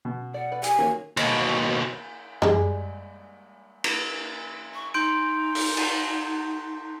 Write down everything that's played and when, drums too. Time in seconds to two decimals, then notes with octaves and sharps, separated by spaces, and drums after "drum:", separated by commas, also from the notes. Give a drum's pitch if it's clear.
0.05 B2
0.34 D5 F#5
0.52 B4 D5
0.64 G4 G#5, drum: hi-hat
0.78 D#3 A#3 D#4 F#4 C#5
1.17 D#2 B2, drum: cymbal
2.42 G3 G#3, drum: tom F2
3.84 drum: cymbal
4.74 C#6
4.94 D#4 C6 G6 D7
5.55 drum: open hi-hat
5.77 drum: cymbal